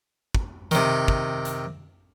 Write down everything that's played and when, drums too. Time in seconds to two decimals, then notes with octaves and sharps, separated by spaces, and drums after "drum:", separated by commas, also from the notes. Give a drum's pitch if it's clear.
0.35 drum: kick
0.71 C3 D#3, drum: hi-hat
1.08 drum: kick
1.45 drum: hi-hat